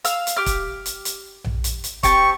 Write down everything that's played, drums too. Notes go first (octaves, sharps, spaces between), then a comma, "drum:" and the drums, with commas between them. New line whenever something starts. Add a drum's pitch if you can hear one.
F5 E6, drum: hi-hat
drum: hi-hat
G4 D6 F6
drum: kick, hi-hat
drum: hi-hat
drum: hi-hat
drum: tom A#1
drum: hi-hat
drum: hi-hat
C4 G4 A5 C#6, drum: kick, hi-hat